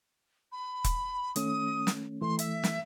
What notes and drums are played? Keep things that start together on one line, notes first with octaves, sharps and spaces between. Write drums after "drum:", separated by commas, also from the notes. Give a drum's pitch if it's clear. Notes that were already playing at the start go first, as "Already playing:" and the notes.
B5
drum: kick E1, hi-hat
D#3 A3 C#4 D#6, drum: hi-hat
drum: snare
E3 A3 C6
E5, drum: hi-hat
drum: snare